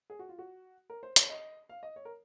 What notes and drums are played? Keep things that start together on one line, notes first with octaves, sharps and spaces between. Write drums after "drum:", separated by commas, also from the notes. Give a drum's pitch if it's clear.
G#4
F#4
F4
F#4
A#4
C5
C#5, drum: hi-hat
D#5
F5
D#5
C#5
A#4